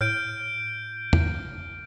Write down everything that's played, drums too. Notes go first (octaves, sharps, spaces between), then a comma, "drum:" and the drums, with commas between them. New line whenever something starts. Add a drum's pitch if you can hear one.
A2 F6 G6 D7
drum: tom